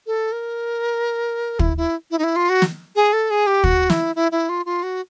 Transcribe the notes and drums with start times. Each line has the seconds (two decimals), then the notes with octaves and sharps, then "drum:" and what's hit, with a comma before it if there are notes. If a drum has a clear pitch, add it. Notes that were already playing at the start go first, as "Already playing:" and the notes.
0.07 A4
0.32 A#4
1.59 E4, drum: kick
1.77 E4
2.11 E4
2.18 D#4
2.24 E4
2.36 F4
2.49 F#4
2.62 drum: snare
2.96 G#4
3.13 A4
3.30 G#4
3.47 G4
3.64 F#4, drum: kick
3.90 E4, drum: snare
4.16 E4
4.32 E4
4.49 F4
4.66 F4
4.83 F#4